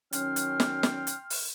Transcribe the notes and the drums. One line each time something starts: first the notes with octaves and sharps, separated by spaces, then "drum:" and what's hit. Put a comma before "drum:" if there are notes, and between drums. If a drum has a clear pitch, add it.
D#3 F#3 C#4 G5 C6 F6, drum: hi-hat
drum: hi-hat
drum: snare
drum: snare
drum: hi-hat
drum: open hi-hat